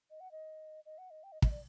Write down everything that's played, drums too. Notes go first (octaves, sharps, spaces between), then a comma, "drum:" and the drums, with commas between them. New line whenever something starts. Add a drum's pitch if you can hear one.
D#5
F#5
D#5
D#5
F#5
D#5
G5
D#5
D#5, drum: kick
D5